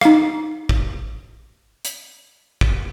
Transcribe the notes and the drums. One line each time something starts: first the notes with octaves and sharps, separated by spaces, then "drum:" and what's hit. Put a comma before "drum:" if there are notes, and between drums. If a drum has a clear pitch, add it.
D#4 F5, drum: rim click
drum: kick
drum: hi-hat
drum: kick